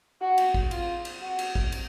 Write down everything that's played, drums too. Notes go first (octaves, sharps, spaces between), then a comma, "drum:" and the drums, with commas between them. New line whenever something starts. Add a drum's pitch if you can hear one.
F#4
drum: cymbal
drum: kick
F4, drum: cymbal
drum: cymbal
F#4
drum: cymbal
drum: kick
drum: cymbal